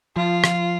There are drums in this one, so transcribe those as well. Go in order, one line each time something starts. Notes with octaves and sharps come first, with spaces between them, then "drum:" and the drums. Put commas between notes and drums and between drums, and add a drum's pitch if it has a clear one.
F3 F4
drum: rim click